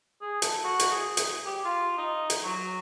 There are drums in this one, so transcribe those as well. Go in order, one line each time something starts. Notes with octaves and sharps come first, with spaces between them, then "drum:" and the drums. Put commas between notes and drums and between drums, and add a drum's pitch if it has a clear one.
G#4
A4, drum: hi-hat
F#4
drum: hi-hat
G#4
drum: hi-hat
G4
F4
D#4
drum: hi-hat
F#3